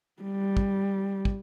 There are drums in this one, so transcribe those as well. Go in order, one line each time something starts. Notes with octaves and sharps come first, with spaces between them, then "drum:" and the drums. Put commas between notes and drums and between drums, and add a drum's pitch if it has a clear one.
G3
drum: kick
drum: kick